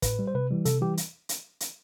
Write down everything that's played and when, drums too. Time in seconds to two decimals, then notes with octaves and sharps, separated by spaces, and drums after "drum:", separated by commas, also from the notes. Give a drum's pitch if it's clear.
0.02 A2 B4, drum: kick, hi-hat
0.19 G3
0.27 C5
0.34 C3 B4
0.51 E3 G3
0.65 C3 A4, drum: hi-hat
0.81 E3 G3 G4
0.97 drum: hi-hat
1.29 drum: hi-hat
1.60 drum: hi-hat